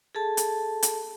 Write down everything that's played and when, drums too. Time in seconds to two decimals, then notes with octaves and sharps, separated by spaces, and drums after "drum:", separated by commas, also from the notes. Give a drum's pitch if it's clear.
0.15 G#4 A4 A5
0.37 drum: hi-hat
0.83 drum: hi-hat